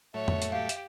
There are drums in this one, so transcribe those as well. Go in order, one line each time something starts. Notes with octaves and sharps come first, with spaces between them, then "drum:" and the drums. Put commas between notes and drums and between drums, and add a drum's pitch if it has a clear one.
A2 F#3 A3 C#5 E5
drum: tom F2
drum: hi-hat
G4 F5
drum: hi-hat